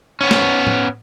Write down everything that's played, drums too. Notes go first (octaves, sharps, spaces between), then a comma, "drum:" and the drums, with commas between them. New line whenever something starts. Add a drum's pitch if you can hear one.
B3 C#4
drum: snare
drum: tom A2